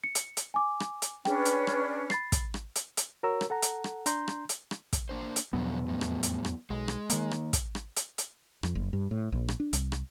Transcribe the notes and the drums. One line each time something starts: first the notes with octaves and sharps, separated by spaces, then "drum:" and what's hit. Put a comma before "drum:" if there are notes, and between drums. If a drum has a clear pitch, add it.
C#7
drum: hi-hat
drum: hi-hat
G#5 D6
drum: rim click
drum: hi-hat
C#4 D4 G#4 B4 G5, drum: rim click
drum: hi-hat
drum: rim click
B5 A6 C7, drum: rim click
drum: kick, hi-hat
drum: rim click
drum: hi-hat
drum: hi-hat
F#4 A#4 C#5 A#5 E6
drum: rim click
A4 F#5 A#5
drum: hi-hat
drum: rim click
D4 A#5 C6 G6, drum: hi-hat
drum: rim click
drum: hi-hat
drum: rim click
drum: kick, hi-hat
A#3 D4 C5
drum: hi-hat
E2 B2 D3 F3 F#3 B3
F2 A2
drum: rim click
drum: hi-hat
drum: rim click
B1 G#3
drum: rim click
D#3 A#3, drum: hi-hat
drum: rim click
drum: kick, hi-hat
drum: rim click
drum: hi-hat
drum: hi-hat
F2, drum: rim click
F#1
G2
A2
A#1
drum: rim click
D4
C2, drum: hi-hat
drum: rim click